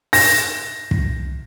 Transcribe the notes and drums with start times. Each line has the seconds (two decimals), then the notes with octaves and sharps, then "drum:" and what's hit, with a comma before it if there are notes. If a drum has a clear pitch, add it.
0.13 A#6, drum: open hi-hat
0.91 drum: kick